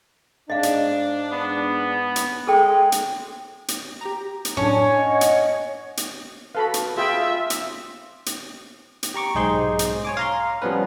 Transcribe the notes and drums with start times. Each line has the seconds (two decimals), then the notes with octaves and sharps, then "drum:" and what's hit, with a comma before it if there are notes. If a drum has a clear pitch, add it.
0.50 G#2 D4 D#5 F5
0.63 drum: hi-hat
1.32 B3
2.16 drum: hi-hat
2.47 G#3 G#4 A4 G5
2.92 drum: hi-hat
3.68 drum: hi-hat
4.01 G4 A#5
4.45 drum: hi-hat
4.57 F#2 A2 C#4 D4 C#5 A5
4.94 D#5 F#5
5.21 drum: hi-hat
5.97 drum: hi-hat
6.55 F#4 A4 B4 F5 B5
6.74 drum: hi-hat
6.97 F4 G#4 E5 G5 B5
7.50 drum: hi-hat
8.26 drum: hi-hat
9.03 drum: hi-hat
9.14 G4 A#5 C#6 D6
9.35 B1 G#2 D#4 G#4 C5 C6
9.79 drum: hi-hat
10.05 C#5 G#5 D6
10.17 F5 A#5 C6
10.62 F3 G3 B3 C#4 B4